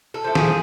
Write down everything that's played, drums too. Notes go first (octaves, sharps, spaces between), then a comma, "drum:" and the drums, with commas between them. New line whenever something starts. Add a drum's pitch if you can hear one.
A4
F3 A3
G#4, drum: snare